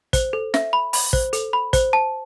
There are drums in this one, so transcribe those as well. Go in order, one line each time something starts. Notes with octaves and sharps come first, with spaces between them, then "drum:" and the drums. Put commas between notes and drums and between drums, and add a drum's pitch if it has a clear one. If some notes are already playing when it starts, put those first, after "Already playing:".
C5, drum: kick, hi-hat
A4
E5, drum: snare
B5
B5, drum: open hi-hat
C5, drum: kick
A4, drum: hi-hat
B5
C5, drum: kick, hi-hat
A5